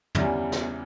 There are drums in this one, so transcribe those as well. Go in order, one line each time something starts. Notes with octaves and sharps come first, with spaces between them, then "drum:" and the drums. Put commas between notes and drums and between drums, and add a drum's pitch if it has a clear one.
E2 C#3 E3 G3, drum: tom
drum: snare